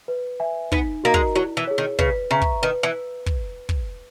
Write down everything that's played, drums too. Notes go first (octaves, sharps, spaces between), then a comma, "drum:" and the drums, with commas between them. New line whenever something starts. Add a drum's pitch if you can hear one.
B4
E5 G#5
B3 D#4, drum: kick
A#3 F#4 A#4 D#5 A#5
G#3, drum: kick
F#3 E4
E3
G#4 C#5
D#3
C#3 B4, drum: kick
C#3 E5 A#5 C#6
drum: kick
D#3 B4
E3
drum: kick
drum: kick